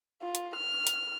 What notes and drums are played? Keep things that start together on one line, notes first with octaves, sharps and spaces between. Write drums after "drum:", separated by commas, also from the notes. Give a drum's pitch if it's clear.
F4
drum: hi-hat
F6
drum: hi-hat